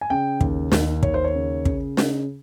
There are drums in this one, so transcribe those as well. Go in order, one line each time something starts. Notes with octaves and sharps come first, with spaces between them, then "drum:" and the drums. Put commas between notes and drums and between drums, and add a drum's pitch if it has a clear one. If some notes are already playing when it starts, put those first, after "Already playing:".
G#5
C#3 G5
D#2, drum: kick
D#2, drum: snare
D#2 C#5, drum: kick
C5
C#5
C#3
C#3, drum: kick
C#3, drum: snare